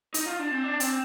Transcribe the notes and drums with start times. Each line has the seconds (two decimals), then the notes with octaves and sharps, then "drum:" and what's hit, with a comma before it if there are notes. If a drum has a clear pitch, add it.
0.14 D#4, drum: hi-hat
0.26 F4
0.39 D4
0.51 C4
0.64 D4
0.80 C4, drum: hi-hat